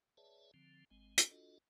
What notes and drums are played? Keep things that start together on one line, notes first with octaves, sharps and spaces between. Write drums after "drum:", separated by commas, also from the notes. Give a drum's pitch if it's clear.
G#4 B4 C#5 D5 E5 A5
D3 F3 C4
G#1 G#3 C4
drum: hi-hat
D4 F4 F#4 A4 D#5